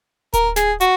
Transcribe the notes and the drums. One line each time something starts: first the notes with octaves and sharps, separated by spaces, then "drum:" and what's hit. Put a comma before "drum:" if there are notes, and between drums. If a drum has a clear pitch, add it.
A#4, drum: kick D1, hi-hat
G#4, drum: snare
F#4, drum: hi-hat